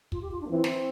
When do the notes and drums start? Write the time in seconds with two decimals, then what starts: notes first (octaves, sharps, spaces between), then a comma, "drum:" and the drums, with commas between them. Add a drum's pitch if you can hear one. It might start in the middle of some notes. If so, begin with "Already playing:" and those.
0.12 F4, drum: kick
0.22 G4
0.31 F4
0.41 D4
0.46 A#3
0.50 E3 C4
0.64 drum: snare